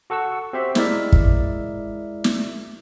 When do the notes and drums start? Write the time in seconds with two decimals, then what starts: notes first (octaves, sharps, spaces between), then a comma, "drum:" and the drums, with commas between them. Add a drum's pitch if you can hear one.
0.10 F#4 A4 F#5 C#6 E6
0.53 C4 F#4 G4 C5 E5
0.75 G#3 E4 A#4 D5 E5, drum: snare
1.12 drum: kick
2.24 drum: snare